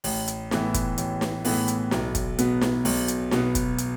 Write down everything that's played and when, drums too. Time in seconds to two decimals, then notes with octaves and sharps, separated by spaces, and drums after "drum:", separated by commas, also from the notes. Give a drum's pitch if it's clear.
0.04 A1, drum: open hi-hat
0.28 drum: hi-hat
0.51 A2 E3 B3, drum: snare
0.74 drum: kick, hi-hat
0.98 A1, drum: hi-hat
1.21 drum: snare
1.45 A2 E3 B3, drum: open hi-hat
1.68 drum: hi-hat
1.91 B1, drum: snare
2.15 drum: kick, hi-hat
2.39 B2 B3, drum: hi-hat
2.61 drum: snare
2.85 B1, drum: open hi-hat
3.08 drum: hi-hat
3.31 B2 B3, drum: snare
3.55 drum: kick, hi-hat
3.78 drum: hi-hat